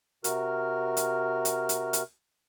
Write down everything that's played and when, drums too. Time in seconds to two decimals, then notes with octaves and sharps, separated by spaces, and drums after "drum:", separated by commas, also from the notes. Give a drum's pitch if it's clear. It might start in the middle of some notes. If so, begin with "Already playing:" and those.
0.24 C3 F#4 A#4 F6, drum: hi-hat
0.97 drum: hi-hat
1.45 drum: hi-hat
1.69 drum: hi-hat
1.93 drum: hi-hat